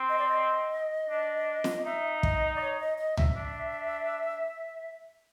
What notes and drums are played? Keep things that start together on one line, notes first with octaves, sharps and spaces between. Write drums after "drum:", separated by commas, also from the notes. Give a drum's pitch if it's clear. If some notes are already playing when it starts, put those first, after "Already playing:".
Already playing: C4
D#5
D5
D#5
D4
drum: snare
D#4 E5
D#5, drum: kick
D5
C#5
D#5
D#5
E5, drum: tom C#2
D4